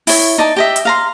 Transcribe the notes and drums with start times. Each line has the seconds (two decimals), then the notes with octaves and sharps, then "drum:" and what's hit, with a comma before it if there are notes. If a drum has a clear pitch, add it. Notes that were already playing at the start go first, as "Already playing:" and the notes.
0.07 E4 C#5, drum: open hi-hat
0.38 D#4 D5 A5
0.56 G4 D#5 E5
0.76 drum: hi-hat
0.85 F5 A#5 C6